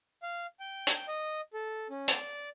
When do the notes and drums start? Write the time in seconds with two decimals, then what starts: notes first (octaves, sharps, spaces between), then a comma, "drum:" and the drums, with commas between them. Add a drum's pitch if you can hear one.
0.23 F5
0.60 G5
0.87 drum: hi-hat
1.08 D#5
1.53 A4
1.90 C#4
2.08 D5, drum: hi-hat